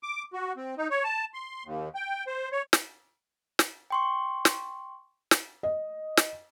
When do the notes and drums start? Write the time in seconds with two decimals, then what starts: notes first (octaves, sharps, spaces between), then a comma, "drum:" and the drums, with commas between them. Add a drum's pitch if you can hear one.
0.03 D6
0.33 F#4
0.57 C4
0.78 D#4
0.91 C#5
1.04 A5
1.34 C6
1.65 D#2
1.95 G5
2.27 C5
2.52 C#5
2.73 drum: snare
3.59 drum: snare
3.90 G5 C6 C#6
4.45 drum: snare
5.31 drum: snare
5.63 D#5
6.17 drum: snare